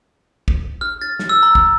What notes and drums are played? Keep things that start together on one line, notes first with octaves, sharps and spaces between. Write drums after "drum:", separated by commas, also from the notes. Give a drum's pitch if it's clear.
drum: kick
F6
A6
drum: snare
E6
A#5
drum: kick